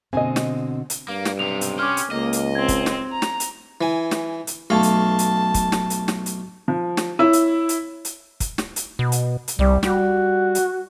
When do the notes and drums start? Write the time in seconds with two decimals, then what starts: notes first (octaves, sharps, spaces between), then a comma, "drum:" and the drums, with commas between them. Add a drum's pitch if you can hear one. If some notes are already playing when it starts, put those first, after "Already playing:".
0.13 B2 D3 C4 D#5 G#5
0.36 drum: snare
0.90 drum: hi-hat
1.09 G2 A#3
1.25 drum: snare
1.39 B1 C3 F7
1.61 drum: hi-hat
1.79 C#4 G4 C6 D6 F6
1.97 drum: hi-hat
2.11 C#2 A#3 D#5
2.33 drum: hi-hat
2.55 C4 G#6
2.68 drum: kick, hi-hat
2.86 drum: snare
3.12 A#5
3.22 drum: snare
3.40 drum: hi-hat
3.81 E3 G#5
4.11 drum: snare
4.47 drum: hi-hat
4.70 B1 A3 F5 A5
4.83 drum: hi-hat
5.19 drum: hi-hat
5.54 drum: kick, hi-hat
5.72 drum: snare
5.90 drum: hi-hat
6.08 drum: snare
6.26 drum: hi-hat
6.68 F3
6.97 drum: snare
7.19 E4 C#5 E6
7.33 drum: hi-hat
7.69 drum: hi-hat
8.05 drum: hi-hat
8.40 drum: kick, hi-hat
8.58 drum: snare
8.76 drum: hi-hat
8.99 B2
9.12 drum: hi-hat
9.48 drum: hi-hat
9.59 C2 G3
9.83 G3 F#4, drum: snare
10.55 drum: hi-hat